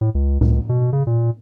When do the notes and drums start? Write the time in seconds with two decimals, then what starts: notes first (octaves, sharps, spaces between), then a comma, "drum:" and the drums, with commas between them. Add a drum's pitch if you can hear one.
0.01 A2
0.15 C#2
0.41 C#2, drum: tom A2
0.69 B2
0.93 C#3
1.07 A#2